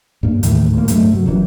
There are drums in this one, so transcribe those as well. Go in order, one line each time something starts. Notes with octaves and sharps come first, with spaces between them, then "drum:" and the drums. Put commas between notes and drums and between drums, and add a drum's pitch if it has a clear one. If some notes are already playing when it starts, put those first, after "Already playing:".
G2 A#3
D#2 A2 D#3 E3, drum: hi-hat
D2 A#3
G2 F#3 G#3 A3, drum: hi-hat
C3 F#3
F#1 F#2 E3